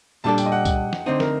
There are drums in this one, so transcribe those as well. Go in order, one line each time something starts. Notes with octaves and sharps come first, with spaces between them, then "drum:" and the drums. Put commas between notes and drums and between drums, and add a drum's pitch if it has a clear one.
A#2 G3 D4 A4 A5
G5, drum: tambourine
D#5
F#5
drum: kick C2, tambourine
drum: snare
D3 A3 C4 D#4 C5
A#4, drum: snare